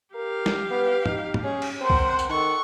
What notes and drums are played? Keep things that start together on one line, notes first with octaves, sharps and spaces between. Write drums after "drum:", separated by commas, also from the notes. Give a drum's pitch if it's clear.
G4 A#4 F5
drum: snare
B3
D#4, drum: tom
drum: tom
C#4 G#4
drum: cymbal
C4 A#4 C5 F#5
drum: kick C2
drum: tambourine
D#3 A4 F#5 C#6